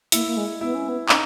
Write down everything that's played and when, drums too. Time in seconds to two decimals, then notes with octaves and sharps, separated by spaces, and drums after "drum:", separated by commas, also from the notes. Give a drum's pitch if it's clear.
0.12 A#3 E4, drum: hi-hat
0.27 A#3
0.36 G#3
0.61 B3 E4
0.74 C#4
0.88 B3
1.09 C#4 D#4, drum: clap